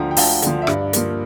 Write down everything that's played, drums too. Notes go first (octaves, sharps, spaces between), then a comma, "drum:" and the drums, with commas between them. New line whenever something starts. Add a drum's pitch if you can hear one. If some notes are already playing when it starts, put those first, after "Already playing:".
Already playing: D2 D3 F3 G5 A#5
G5
D2 F5 A5, drum: open hi-hat
D3 F3, drum: hi-hat
E5
G2 D5 F5, drum: rim click
F3 A#3, drum: hi-hat